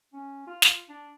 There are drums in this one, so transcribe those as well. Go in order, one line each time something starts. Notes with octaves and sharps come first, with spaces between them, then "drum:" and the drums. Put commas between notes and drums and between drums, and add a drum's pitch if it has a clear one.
C#4
F4
drum: snare
D4